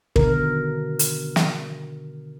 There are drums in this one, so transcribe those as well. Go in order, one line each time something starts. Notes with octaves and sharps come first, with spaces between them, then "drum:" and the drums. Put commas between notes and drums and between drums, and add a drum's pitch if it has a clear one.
B2 D3 D#3 A#4, drum: kick
drum: hi-hat
drum: snare